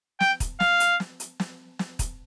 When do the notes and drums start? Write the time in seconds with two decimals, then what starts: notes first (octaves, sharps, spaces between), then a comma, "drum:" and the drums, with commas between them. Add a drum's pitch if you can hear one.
0.20 G5, drum: snare
0.40 drum: kick, hi-hat
0.60 F5, drum: snare
0.80 drum: hi-hat
1.00 drum: snare
1.20 drum: hi-hat
1.40 drum: snare
1.79 drum: snare
1.99 drum: kick, hi-hat